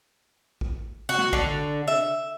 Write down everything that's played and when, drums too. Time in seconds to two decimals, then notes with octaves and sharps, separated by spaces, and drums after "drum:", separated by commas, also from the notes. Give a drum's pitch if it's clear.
0.61 drum: kick
1.09 F#4
1.18 drum: snare
1.33 D3, drum: kick
1.88 E5